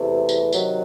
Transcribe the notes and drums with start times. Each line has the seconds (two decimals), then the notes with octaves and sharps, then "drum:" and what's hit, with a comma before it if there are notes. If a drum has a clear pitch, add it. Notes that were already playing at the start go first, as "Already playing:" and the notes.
Already playing: E2 C3 E3 A3
0.29 drum: tambourine
0.53 C3 D#3 F#3, drum: tambourine